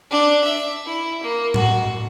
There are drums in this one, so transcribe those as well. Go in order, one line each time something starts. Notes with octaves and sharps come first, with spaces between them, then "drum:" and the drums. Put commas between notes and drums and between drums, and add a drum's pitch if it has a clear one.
D4
E5
E4
A#3
F#4, drum: tom A2